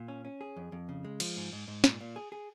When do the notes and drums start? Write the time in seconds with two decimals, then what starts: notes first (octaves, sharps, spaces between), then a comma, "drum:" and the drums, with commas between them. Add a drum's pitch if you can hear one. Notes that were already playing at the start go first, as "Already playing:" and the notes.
Already playing: A#2
0.08 C#4
0.25 C#4
0.41 G#4
0.56 F2
0.72 F2
0.89 C#3
1.05 G#3
1.20 F3, drum: cymbal
1.37 G#2
1.52 G#2
1.68 G#2
1.84 A#2, drum: snare
2.01 A#2
2.16 G#4
2.32 G#4